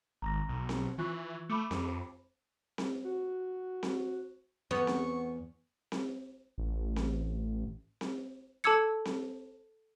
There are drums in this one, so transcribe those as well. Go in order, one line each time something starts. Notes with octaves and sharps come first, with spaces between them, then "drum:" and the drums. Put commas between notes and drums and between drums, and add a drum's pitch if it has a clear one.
G#1 A#5 A#6
B1
drum: snare C4
E3 F4 C#6 F#6
A3 B5 D6 C#7
F2, drum: snare C4
drum: snare C4
F#4
drum: snare C4
E2 B3 C#6
drum: snare C4
drum: snare C4
A1
drum: snare C4
drum: snare C4
A4 A5 D6 E6 G#6 C#7
drum: snare C4